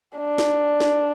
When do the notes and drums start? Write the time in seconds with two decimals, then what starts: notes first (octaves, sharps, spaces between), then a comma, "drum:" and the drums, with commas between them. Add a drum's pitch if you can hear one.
0.17 D4
0.38 drum: snare
0.80 drum: snare